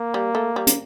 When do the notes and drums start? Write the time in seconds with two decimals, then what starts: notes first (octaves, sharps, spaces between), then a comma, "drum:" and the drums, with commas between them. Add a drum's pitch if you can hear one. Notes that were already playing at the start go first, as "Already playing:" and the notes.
Already playing: A#3
0.14 G3
0.35 A3
0.56 G3
0.67 drum: hi-hat